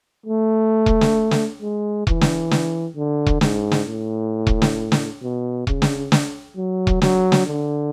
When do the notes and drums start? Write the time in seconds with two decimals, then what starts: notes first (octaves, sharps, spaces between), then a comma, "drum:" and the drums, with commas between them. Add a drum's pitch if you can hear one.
0.26 A3
0.86 drum: kick E1
1.01 drum: snare
1.31 drum: snare
1.62 G#3
2.07 E3, drum: kick E1
2.21 drum: snare
2.51 drum: snare
2.96 D3
3.26 drum: kick E1
3.41 G#2, drum: snare
3.72 drum: snare
3.87 A2
4.47 drum: kick E1
4.62 drum: snare
4.92 drum: snare
5.22 B2
5.67 C#3, drum: kick E1
5.82 drum: snare
6.12 drum: snare
6.57 F#3
6.87 drum: kick E1
7.02 F#3, drum: snare
7.32 drum: snare
7.47 D3